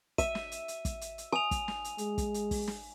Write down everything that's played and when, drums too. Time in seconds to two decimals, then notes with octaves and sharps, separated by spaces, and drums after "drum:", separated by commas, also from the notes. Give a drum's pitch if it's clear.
0.18 E5 D#7, drum: kick, hi-hat
0.35 drum: snare
0.52 drum: hi-hat
0.68 drum: hi-hat
0.85 drum: kick, hi-hat
1.01 drum: hi-hat
1.18 drum: hi-hat
1.33 G#5 D#6 F7
1.51 drum: kick, hi-hat
1.68 drum: snare
1.84 drum: hi-hat
1.98 G#3, drum: hi-hat
2.18 drum: kick, hi-hat
2.34 drum: hi-hat
2.51 drum: kick, open hi-hat
2.68 drum: snare